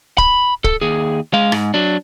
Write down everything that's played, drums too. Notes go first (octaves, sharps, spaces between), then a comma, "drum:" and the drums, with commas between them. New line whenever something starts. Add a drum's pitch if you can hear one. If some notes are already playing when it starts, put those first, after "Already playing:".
B5, drum: kick
A4, drum: kick
D#2 G#4
G#3 F5
G#2, drum: rim click
F#3 D4